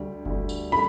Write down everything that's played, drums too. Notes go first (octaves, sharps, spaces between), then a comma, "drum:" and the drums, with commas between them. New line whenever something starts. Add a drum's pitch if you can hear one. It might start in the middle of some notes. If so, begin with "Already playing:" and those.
Already playing: D2 D3 G3
D2 D3 G3, drum: kick F#1
drum: tambourine
D3 G3 B5